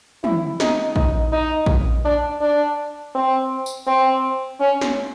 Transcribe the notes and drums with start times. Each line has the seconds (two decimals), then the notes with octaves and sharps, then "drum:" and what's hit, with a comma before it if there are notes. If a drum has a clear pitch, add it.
0.24 E4, drum: tom
0.60 D#4, drum: snare
0.96 D#4, drum: kick
1.32 D#4
1.66 drum: kick
2.05 D4
2.41 D4
3.15 C4
3.66 drum: tambourine
3.87 C4
4.60 C#4
4.81 drum: snare